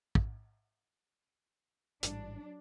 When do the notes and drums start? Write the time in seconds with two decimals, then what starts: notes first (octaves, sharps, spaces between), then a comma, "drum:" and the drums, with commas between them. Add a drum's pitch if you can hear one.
0.15 drum: kick
2.03 A1 G#2 F#3 G3 D4, drum: hi-hat